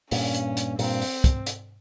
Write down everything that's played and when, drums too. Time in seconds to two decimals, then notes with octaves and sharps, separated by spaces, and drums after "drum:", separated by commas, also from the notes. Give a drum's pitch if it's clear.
0.11 G2 A#2 C#4, drum: open hi-hat
0.34 drum: hi-hat
0.57 drum: hi-hat
0.79 G2 A#2 C4, drum: open hi-hat
1.02 drum: open hi-hat
1.24 drum: kick, hi-hat
1.46 drum: hi-hat